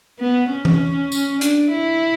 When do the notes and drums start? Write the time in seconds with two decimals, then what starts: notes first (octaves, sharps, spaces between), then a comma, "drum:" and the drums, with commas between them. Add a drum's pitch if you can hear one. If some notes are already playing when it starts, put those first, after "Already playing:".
0.20 B3
0.49 C#4
0.65 drum: tom E3
1.12 drum: tambourine
1.41 D4, drum: hi-hat
1.72 E4